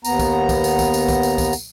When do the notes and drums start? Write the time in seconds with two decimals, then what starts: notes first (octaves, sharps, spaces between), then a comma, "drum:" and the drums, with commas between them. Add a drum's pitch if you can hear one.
0.05 D#2 B3 A#5, drum: tambourine
0.19 drum: kick, tambourine
0.49 drum: kick, tambourine
0.64 drum: tambourine
0.79 drum: kick, tambourine
0.94 drum: tambourine
1.08 drum: kick, tambourine
1.23 drum: tambourine
1.38 drum: kick, tambourine
1.53 drum: tambourine